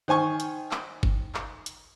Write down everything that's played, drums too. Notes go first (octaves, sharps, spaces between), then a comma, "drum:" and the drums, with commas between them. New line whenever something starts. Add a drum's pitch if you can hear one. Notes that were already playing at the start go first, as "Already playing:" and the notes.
D#3 C5 G#5 C#6
drum: hi-hat
drum: clap
drum: kick G1
drum: clap
drum: hi-hat